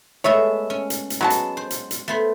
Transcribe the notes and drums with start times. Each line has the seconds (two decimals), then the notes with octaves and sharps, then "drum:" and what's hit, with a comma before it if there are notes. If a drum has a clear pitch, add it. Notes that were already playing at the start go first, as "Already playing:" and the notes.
0.24 G#3 A3 B3 C#5 E5
0.70 C#4
0.90 drum: hi-hat
1.10 drum: hi-hat
1.21 F#3 G#3 B3 F#4 A5
1.30 drum: hi-hat
1.57 C5
1.71 drum: hi-hat
1.91 drum: hi-hat
2.08 A3 B3 C5